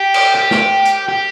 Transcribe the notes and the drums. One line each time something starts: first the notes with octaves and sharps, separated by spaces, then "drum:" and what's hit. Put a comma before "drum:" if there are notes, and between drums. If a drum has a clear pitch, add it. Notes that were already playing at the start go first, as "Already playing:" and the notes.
Already playing: G4
drum: cymbal
G4
drum: snare
drum: hi-hat
G4